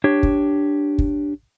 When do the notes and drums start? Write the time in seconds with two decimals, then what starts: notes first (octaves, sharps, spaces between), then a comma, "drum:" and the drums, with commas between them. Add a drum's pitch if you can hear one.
0.04 D4 G4 C#5
0.23 drum: kick
0.98 drum: kick